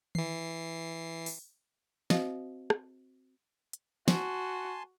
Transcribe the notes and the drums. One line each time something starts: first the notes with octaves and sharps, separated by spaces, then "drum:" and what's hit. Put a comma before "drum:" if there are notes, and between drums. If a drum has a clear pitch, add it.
E3 C7, drum: tom D#3
drum: open hi-hat
C4 F#4 C5 D#5 F5, drum: snare
drum: rim click
drum: hi-hat
F#4 G#5 A5 C6, drum: snare